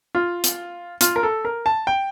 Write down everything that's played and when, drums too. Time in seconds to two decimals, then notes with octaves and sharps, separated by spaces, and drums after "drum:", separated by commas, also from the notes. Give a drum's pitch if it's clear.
0.15 F4
0.44 drum: hi-hat
1.01 F4, drum: hi-hat
1.16 A#4
1.23 A4
1.45 A#4
1.66 A5
1.87 G5